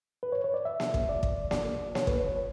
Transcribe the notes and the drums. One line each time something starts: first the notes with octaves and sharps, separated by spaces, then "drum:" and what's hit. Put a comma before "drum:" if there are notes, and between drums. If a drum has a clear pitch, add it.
B4
C#5
C#5
D5
E5
drum: snare A#3
drum: kick
D5
drum: kick
D5, drum: snare A#3
C#5, drum: snare A#3
B4, drum: kick
C#5